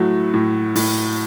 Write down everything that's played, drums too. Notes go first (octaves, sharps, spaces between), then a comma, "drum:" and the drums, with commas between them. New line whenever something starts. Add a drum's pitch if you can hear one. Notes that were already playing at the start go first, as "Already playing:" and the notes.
Already playing: A2 F#3 A3
A2
A2, drum: open hi-hat